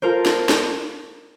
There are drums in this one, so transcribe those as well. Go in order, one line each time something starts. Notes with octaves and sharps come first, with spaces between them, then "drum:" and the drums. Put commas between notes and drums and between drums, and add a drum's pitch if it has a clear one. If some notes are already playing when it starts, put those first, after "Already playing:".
F4 A4 A#4 C5
drum: snare
drum: snare